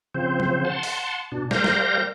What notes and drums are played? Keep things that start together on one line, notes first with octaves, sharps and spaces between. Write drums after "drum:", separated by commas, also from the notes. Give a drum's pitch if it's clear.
C#3 F3 C4 C5
drum: tom F3
F#5 A5 C6
drum: open hi-hat
B2 D4
G3 A#4 C5 F5 G6 A#6, drum: snare
drum: snare